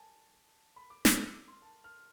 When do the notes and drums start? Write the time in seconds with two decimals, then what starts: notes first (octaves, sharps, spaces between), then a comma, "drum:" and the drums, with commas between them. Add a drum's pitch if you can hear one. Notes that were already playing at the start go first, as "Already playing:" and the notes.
Already playing: G#5 A5
0.76 B5
0.90 D6
1.05 F6, drum: snare
1.19 E6
1.34 D6
1.48 C6
1.62 A5
1.84 F6